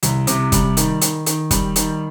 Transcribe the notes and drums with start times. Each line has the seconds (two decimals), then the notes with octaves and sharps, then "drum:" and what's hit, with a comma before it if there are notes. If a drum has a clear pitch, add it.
0.03 C2, drum: hi-hat
0.27 C3, drum: hi-hat
0.52 G3, drum: kick, hi-hat
0.77 D#3, drum: hi-hat
1.01 D#3, drum: hi-hat
1.26 D#3, drum: hi-hat
1.51 G3, drum: kick, hi-hat
1.76 D#3, drum: hi-hat